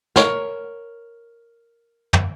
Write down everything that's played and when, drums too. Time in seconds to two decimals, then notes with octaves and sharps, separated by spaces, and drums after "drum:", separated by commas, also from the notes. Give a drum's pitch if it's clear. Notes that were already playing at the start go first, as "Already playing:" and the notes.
0.16 A#4 C#5, drum: snare
2.13 drum: tom